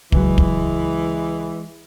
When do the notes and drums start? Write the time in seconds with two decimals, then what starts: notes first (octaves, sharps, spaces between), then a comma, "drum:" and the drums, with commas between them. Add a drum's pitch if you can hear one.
0.12 C#2 E3 F#3 G#3, drum: kick
0.38 drum: kick